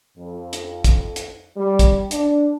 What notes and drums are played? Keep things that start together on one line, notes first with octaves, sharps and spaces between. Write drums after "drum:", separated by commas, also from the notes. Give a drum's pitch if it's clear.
F2
drum: hi-hat
drum: kick, hi-hat
drum: hi-hat
G3
drum: kick, hi-hat
D4, drum: hi-hat